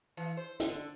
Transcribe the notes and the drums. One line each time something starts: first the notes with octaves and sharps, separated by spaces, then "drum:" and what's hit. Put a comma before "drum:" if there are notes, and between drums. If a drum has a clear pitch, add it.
E3
C5
D3, drum: hi-hat